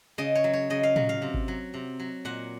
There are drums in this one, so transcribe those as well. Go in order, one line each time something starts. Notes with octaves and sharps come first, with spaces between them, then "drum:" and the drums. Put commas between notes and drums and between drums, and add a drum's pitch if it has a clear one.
C#3 D#5
C#5
F#3
C#5
C#3 D#5
F5
F#3, drum: tom
F5
C3
drum: kick G#1
F#3
C3
F#3
A#2 F#5